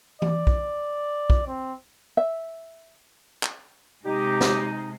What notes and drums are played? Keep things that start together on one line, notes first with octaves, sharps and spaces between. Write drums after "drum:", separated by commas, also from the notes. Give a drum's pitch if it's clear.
D5, drum: tom E3
drum: kick
drum: kick
C4
E5
drum: clap
C3 G#3 D#4 G4
drum: snare